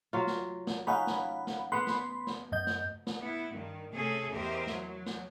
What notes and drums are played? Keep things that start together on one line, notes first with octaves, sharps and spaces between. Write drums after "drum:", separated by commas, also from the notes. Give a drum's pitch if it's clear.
F#3 F4
drum: snare
drum: snare
C#4 D#4 F5 F#5 B5
drum: snare
drum: snare
B3 F#5 B5 C6
drum: snare
drum: snare
F#2 D#5 G6
drum: snare
drum: snare
B3 E4
G2 D#3
C3 A3 C#4 G#4 A4
E2 G4 A#4 C5 D#5 E5
F#3, drum: snare
drum: snare